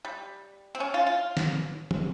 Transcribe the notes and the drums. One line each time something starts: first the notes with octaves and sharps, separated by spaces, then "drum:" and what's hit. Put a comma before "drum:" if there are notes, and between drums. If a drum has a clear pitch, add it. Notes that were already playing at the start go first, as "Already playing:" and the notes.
G3
C4
C#4
F4
F4
drum: snare
drum: tom